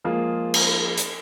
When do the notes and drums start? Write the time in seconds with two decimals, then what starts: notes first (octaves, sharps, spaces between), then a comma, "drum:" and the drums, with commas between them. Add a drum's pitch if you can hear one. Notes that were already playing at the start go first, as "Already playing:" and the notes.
0.04 F3 G#3 A#3 F4 G#4
0.54 drum: cymbal
0.98 drum: hi-hat